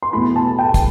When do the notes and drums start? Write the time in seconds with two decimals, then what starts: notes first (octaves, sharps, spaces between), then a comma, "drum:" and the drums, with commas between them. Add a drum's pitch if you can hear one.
0.03 C6
0.13 E2 B2 A3 E4 B5
0.36 A5
0.59 G5
0.74 drum: kick, hi-hat